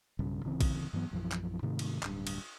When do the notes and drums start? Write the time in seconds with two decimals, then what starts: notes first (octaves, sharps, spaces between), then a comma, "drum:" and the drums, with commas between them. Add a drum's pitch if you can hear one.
0.19 B1 G2 C#3
0.44 D1 C#3 E3 C4
0.61 drum: kick A#1, cymbal
0.93 G2 E3 F#3 B3
1.11 A#1 F#2 E3 F3
1.32 drum: clap
1.62 G#2 C3 D#3 A3
1.79 drum: cymbal
2.03 D1 G2, drum: clap
2.27 drum: cymbal